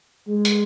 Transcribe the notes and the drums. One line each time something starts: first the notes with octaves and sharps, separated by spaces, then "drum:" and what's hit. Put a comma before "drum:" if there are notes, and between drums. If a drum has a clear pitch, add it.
G#3
drum: hi-hat